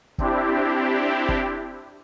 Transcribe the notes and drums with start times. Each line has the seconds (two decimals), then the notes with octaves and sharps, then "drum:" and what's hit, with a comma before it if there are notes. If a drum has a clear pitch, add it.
0.18 C4 D4 E4 G4, drum: kick
1.29 drum: kick